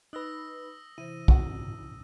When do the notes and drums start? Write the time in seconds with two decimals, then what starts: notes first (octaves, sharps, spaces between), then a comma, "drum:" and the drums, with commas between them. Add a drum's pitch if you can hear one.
0.13 D#4 B4 D#6 E6 F#6 A#6
0.98 C3 E3 E4 C5 D#7
1.28 F#4 F#5, drum: kick